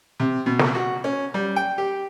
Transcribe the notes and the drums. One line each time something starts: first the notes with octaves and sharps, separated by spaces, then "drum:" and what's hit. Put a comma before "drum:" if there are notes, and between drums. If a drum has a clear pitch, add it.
C3
B2
drum: snare
F#4
C#4
G3
G5
G4